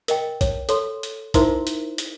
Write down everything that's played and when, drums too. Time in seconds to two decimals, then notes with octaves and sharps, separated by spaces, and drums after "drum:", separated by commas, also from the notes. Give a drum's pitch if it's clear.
0.08 A#4 D#5 G5, drum: hi-hat
0.41 C#5, drum: kick A#1, hi-hat
0.69 A4 C#5 C6, drum: hi-hat
1.03 drum: hi-hat
1.34 D#4 E4 A#4 C5 E5 C6, drum: kick A#1, hi-hat
1.67 drum: hi-hat
1.98 drum: hi-hat